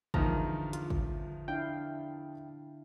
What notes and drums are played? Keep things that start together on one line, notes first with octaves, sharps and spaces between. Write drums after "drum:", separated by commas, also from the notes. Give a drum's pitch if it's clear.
E2 D3 D#3 F3 A#5, drum: kick G#1
F4, drum: hi-hat
drum: kick G#1
D4 E4 F5 G5